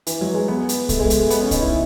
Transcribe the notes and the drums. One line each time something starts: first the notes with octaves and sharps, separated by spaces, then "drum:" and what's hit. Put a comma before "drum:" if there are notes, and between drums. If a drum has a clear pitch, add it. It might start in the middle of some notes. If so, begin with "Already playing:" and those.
E3, drum: hi-hat
F#3
G#3
B3
drum: hi-hat
A3, drum: kick, hi-hat
G#3
drum: hi-hat
A3
B3, drum: hi-hat
C#4
D#4, drum: kick, hi-hat
E4